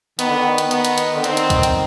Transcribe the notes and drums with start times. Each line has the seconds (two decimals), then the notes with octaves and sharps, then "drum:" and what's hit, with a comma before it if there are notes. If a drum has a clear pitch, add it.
0.19 D#3 B3, drum: hi-hat
0.29 D3
0.39 D#3
0.58 drum: hi-hat
0.71 B3, drum: hi-hat
0.85 drum: hi-hat
0.98 drum: hi-hat
1.15 D3
1.24 D#3 C4, drum: hi-hat
1.37 drum: hi-hat
1.50 drum: kick, hi-hat
1.63 drum: hi-hat